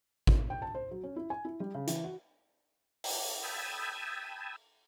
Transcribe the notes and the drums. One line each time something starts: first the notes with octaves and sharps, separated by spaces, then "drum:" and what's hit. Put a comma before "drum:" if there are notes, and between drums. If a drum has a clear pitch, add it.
drum: kick G#1
G5
A5
C5
F#3
C#4
E4
G#5
E4
G3
C#3
E3, drum: hi-hat
F#4
drum: open hi-hat
G5 A5 B5 D#6 E6 G#6